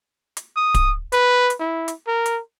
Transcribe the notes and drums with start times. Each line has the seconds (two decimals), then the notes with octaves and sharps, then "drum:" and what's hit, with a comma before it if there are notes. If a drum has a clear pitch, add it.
0.37 drum: hi-hat
0.56 D#6
0.74 drum: kick D1, hi-hat
1.12 B4, drum: hi-hat
1.50 drum: hi-hat
1.59 E4
1.88 drum: hi-hat
2.07 A#4
2.26 drum: hi-hat